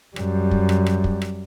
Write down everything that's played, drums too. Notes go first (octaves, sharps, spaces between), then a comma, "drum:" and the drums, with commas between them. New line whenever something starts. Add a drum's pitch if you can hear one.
F#2 G3, drum: rim click
drum: kick
drum: rim click
drum: rim click
drum: kick
drum: rim click